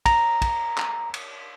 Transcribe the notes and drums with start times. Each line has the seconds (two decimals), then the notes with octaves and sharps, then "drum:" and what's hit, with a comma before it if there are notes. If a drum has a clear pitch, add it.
0.06 A#5, drum: kick, cymbal
0.42 drum: kick, cymbal
0.78 drum: clap
1.14 drum: cymbal